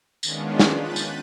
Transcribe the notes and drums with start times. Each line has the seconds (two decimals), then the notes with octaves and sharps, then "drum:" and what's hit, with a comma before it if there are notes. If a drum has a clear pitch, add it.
0.23 D#3 G#3 B3 C#4 D4 F4, drum: tambourine
0.59 drum: snare
0.76 F#6 G6 A6 B6 D#7
0.96 drum: tambourine